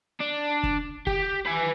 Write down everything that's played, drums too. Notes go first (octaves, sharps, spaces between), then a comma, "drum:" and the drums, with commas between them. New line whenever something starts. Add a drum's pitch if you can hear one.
D4
drum: kick
G4, drum: kick
B4 G#5